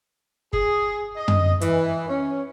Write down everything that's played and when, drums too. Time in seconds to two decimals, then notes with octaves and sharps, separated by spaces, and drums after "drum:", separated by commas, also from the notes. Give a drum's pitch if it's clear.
0.53 G#4, drum: kick F#1
1.17 D#5
1.28 drum: tom F#2
1.61 E3, drum: hi-hat
2.09 C#4